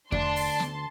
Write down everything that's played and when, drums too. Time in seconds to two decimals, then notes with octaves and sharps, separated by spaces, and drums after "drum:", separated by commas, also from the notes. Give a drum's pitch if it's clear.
0.12 D2 D4 D5 A5 C6, drum: kick E2
0.36 drum: open hi-hat
0.60 drum: snare B3